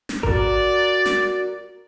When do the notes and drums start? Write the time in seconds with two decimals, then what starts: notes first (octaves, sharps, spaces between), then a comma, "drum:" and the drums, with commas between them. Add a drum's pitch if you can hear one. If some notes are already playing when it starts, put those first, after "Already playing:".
0.09 drum: snare
0.23 F#4 A#4 D5, drum: kick G#1
1.06 drum: snare